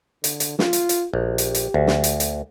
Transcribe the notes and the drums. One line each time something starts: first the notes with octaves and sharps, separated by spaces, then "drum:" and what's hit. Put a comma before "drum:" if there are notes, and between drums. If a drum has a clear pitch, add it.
D3, drum: hi-hat
drum: hi-hat
F4, drum: snare
drum: hi-hat
drum: hi-hat
A#1 G4
drum: hi-hat
drum: hi-hat
D2
drum: snare
drum: hi-hat
drum: hi-hat